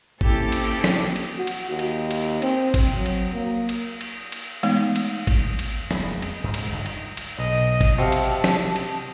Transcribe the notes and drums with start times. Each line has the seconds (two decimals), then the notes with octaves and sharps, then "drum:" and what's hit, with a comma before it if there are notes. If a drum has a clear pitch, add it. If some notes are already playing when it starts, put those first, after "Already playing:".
0.21 A#3 C4 C#4 E4 G4 A4, drum: kick G#1
0.52 drum: cymbal
0.84 drum: snare
1.16 drum: cymbal
1.38 F#4
1.47 drum: cymbal
1.70 D#2
1.79 drum: cymbal
2.11 drum: cymbal
2.42 C4, drum: cymbal
2.74 drum: kick G#1, cymbal
2.95 F#3
3.06 drum: cymbal
3.33 A#3
3.69 drum: cymbal
4.01 drum: cymbal
4.32 drum: cymbal
4.63 E3 G#3 A3 B3 D#4, drum: cymbal
4.96 drum: cymbal
5.27 drum: kick G#1, cymbal
5.59 drum: cymbal
5.91 D1 A#1 G3 B3, drum: snare
6.05 F2 G#3
6.22 drum: cymbal
6.44 C#2 G#2
6.54 drum: cymbal
6.72 G1 G2 D#3
6.86 drum: cymbal
7.17 drum: cymbal
7.39 B1 D#5
7.81 drum: kick G#1, cymbal
7.99 C3 F#4 F5 A5
8.12 drum: cymbal
8.44 drum: snare
8.76 drum: cymbal